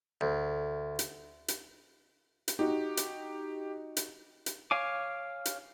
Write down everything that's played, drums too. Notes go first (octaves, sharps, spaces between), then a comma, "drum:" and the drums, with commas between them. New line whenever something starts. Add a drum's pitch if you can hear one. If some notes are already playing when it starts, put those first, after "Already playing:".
D2
drum: hi-hat
drum: hi-hat
drum: hi-hat
D#4 F#4 G4
drum: hi-hat
drum: hi-hat
drum: hi-hat
C#5 F5 G#5 D6
drum: hi-hat